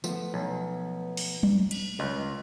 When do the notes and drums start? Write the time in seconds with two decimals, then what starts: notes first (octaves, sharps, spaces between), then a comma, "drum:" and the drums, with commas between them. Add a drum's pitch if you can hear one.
0.04 F3 A3 B3, drum: tambourine
0.34 B1
1.17 drum: open hi-hat
1.43 drum: tom F#3
1.71 drum: cymbal
2.00 C#2 D#5